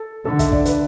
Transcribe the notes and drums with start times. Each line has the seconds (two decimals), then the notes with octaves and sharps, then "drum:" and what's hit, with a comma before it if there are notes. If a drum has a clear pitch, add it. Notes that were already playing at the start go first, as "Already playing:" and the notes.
Already playing: A4
0.25 D3 A4
0.39 E5, drum: kick, hi-hat
0.52 D5, drum: kick
0.65 B4, drum: hi-hat